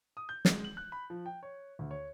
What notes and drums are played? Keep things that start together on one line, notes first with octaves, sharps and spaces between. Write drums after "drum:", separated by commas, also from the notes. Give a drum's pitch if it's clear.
D#6
G6
G#3, drum: snare
F#7
F#6
B5
F3
G5
C#5
D2
C#5